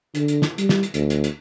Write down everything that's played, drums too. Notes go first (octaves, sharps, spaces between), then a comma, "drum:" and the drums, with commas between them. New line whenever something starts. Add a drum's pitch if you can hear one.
D3, drum: hi-hat
drum: hi-hat
drum: snare
G3, drum: hi-hat
drum: snare
drum: hi-hat
D2, drum: hi-hat
drum: hi-hat
drum: hi-hat